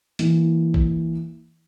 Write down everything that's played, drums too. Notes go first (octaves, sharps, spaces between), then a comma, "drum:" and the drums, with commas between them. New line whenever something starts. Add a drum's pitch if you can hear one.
E3 A#3, drum: hi-hat
drum: kick